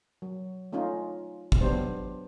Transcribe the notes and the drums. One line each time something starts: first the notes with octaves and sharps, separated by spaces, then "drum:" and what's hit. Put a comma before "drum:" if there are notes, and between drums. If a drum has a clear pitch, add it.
F#3
A3 C#4 D#4 F4
drum: kick
F#3 B3 D4 G4 C5